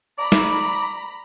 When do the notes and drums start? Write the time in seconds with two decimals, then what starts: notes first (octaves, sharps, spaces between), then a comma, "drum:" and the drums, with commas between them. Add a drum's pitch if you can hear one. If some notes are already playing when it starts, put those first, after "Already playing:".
0.18 D5 A#5 B5
0.32 drum: snare